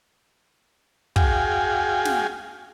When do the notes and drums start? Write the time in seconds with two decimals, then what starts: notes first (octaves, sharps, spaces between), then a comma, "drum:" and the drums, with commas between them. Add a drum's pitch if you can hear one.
1.16 F#4 G#4 F5 G5 G#5, drum: kick
2.05 drum: snare